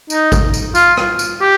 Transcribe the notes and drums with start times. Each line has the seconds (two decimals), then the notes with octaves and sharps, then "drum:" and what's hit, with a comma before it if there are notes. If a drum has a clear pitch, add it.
0.10 D#4, drum: tambourine
0.32 drum: kick G#1, tambourine
0.54 drum: tambourine
0.75 F4, drum: tambourine
0.97 drum: rim click
1.19 drum: tambourine
1.41 G4